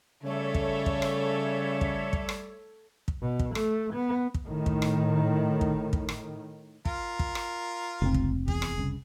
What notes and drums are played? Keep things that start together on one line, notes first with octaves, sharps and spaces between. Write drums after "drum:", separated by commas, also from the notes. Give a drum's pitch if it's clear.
C#3 G3 A3 A4 C#5 E5
drum: kick
drum: kick
drum: rim click
drum: kick
drum: kick
drum: rim click
drum: kick
B2
drum: kick
A3, drum: rim click
B3
drum: kick
A2 D#3
drum: kick
drum: rim click
drum: kick
drum: kick
drum: rim click
F4 A#4, drum: kick
drum: kick
drum: rim click
F1 C#2 C4
drum: kick
E2 G#4, drum: kick
drum: rim click
C2 C#3